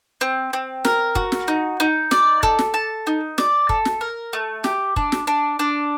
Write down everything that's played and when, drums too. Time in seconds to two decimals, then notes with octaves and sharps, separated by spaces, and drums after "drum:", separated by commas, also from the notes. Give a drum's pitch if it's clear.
0.21 C4
0.53 C4
0.85 A#4, drum: snare
1.15 F#4, drum: kick
1.32 drum: snare
1.48 D#4
1.80 D#4
2.11 D5, drum: snare
2.43 A4, drum: kick
2.59 drum: snare
2.74 A5
3.07 D#4
3.38 D5, drum: snare
3.69 A4, drum: kick
3.85 drum: snare
4.01 A#4
4.33 A3
4.64 G4, drum: snare
4.96 D4, drum: kick
5.12 drum: snare
5.27 D4
5.59 D4